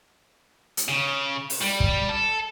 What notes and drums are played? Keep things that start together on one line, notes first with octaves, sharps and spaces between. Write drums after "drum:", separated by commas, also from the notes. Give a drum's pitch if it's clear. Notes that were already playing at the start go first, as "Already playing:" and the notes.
drum: hi-hat
C#3
drum: open hi-hat
G3
drum: kick
A4